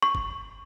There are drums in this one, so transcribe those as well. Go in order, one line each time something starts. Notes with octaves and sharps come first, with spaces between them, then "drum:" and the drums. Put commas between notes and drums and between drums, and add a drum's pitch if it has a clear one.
C#6
drum: kick G1